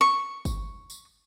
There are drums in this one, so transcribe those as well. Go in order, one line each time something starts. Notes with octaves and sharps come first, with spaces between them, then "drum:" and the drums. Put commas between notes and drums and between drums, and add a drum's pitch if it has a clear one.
C#6
drum: kick, tambourine
drum: tambourine